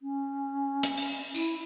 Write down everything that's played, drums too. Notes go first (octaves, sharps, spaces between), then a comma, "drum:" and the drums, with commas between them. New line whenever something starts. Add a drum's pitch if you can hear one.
C#4
drum: hi-hat
drum: open hi-hat
E4, drum: tambourine